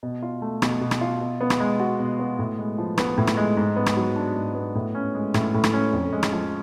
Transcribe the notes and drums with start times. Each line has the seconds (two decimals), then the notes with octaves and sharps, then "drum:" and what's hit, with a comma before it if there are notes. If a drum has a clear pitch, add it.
0.03 B2
0.22 F4
0.42 A3
0.62 B2, drum: rim click
0.81 B2
0.91 drum: rim click
1.01 F4
1.21 B2
1.41 B3
1.50 drum: rim click
1.60 G#3
1.80 F#4
2.00 B2
2.19 B3
2.39 A2
2.59 G#3
2.78 F3
2.98 B3, drum: rim click
3.18 A2
3.27 drum: rim click
3.37 G#3
3.57 G#2
3.76 B3
3.86 drum: rim click
3.97 F#3
4.16 D4
4.36 G#2
4.55 B3
4.75 A2
4.95 C#4
5.15 G#3
5.34 A2, drum: rim click
5.54 A2
5.64 drum: rim click
5.73 C#4
5.93 F2
6.13 G#3
6.23 drum: rim click
6.33 F3